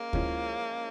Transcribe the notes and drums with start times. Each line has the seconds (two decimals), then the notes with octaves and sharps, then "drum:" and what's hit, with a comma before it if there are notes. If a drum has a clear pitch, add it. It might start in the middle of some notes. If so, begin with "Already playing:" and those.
Already playing: G#3 A#3 C#4
0.13 F3 G#3 C#4 E4, drum: kick D2